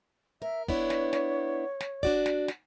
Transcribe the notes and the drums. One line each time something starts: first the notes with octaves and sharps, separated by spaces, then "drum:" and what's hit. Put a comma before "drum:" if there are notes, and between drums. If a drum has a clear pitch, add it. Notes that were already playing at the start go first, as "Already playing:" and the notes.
A#4 E5
B3 D4 E4 C#5, drum: kick
drum: snare
drum: snare
drum: snare
D4 F#4 D5, drum: kick
drum: snare
drum: snare